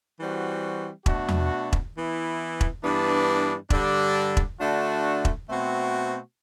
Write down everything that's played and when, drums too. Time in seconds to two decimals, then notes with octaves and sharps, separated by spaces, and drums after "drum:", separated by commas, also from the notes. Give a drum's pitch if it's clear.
0.18 E3 G3 C4 F#4
1.06 B2 A3 D4 F#4, drum: kick E1
1.29 drum: tom E2
1.73 drum: kick E1
1.95 E3 B3 E4
2.61 drum: kick E1
2.83 G2 E3 B3 D4
3.70 G2 D3 G3 D4, drum: kick E1
4.37 drum: kick E1
4.59 D3 A3 D4 F#4
5.25 drum: kick E1
5.47 B2 A3 C4 F#4